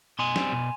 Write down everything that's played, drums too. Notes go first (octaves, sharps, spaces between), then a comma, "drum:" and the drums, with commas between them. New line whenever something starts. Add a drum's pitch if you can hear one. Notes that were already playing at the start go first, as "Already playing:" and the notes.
B2 G#5 C6
G3 C4, drum: snare
B2